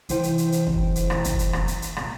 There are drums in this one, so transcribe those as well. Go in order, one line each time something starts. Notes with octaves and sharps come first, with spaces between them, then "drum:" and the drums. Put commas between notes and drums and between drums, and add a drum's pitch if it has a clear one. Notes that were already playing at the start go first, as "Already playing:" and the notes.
C2 E3 C5 G5, drum: hi-hat
drum: hi-hat
drum: hi-hat
drum: hi-hat
drum: kick
drum: hi-hat
drum: rim click
drum: kick, hi-hat
drum: hi-hat
drum: rim click
drum: hi-hat
drum: hi-hat
drum: rim click